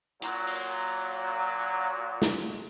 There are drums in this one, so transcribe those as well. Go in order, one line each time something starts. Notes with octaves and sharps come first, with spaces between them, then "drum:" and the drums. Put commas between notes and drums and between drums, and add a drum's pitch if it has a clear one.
A#2 F#3, drum: hi-hat
drum: open hi-hat
drum: snare